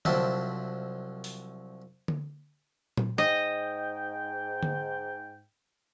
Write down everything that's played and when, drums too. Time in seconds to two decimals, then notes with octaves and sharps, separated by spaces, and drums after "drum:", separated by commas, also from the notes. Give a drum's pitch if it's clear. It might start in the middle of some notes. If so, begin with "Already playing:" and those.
0.05 C2 F3 F#3 C4 E5 A5, drum: tom D3
1.24 drum: open hi-hat
2.08 drum: tom D3
2.97 drum: tom A#2
3.18 G#2 D#5 G5
4.63 drum: tom D3